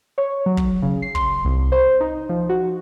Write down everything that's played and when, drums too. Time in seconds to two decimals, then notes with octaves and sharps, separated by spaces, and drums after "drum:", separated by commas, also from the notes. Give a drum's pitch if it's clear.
0.18 C#5
0.46 F#3
0.57 drum: kick
0.82 C#3
1.02 C7
1.15 C6, drum: kick
1.45 C2
1.72 C5
2.00 D#4
2.29 F3
2.49 F#4